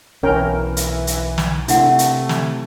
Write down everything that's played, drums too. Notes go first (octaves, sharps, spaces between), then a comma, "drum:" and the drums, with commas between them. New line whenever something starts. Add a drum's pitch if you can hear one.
B1 E3 C#4 A#4 G5
drum: hi-hat
drum: hi-hat
drum: snare
C3 A3 D4 E4 F#5, drum: hi-hat
drum: hi-hat
drum: snare